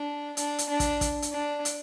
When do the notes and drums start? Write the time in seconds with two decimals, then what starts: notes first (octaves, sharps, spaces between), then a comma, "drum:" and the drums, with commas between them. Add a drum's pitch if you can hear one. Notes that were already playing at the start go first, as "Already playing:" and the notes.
Already playing: D4
0.37 D4, drum: hi-hat
0.58 drum: hi-hat
0.69 D4
0.80 drum: kick, hi-hat
1.01 drum: kick, hi-hat
1.22 drum: hi-hat
1.33 D4
1.65 drum: hi-hat